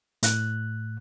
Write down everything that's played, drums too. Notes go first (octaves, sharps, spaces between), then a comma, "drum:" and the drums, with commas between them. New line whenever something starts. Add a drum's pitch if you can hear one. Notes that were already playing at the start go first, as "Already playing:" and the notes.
A2 F#6, drum: hi-hat